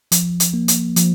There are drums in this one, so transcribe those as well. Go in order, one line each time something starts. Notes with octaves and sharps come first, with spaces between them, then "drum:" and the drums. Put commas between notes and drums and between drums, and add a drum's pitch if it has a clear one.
F3, drum: hi-hat
drum: hi-hat
A#3
drum: hi-hat
F3, drum: hi-hat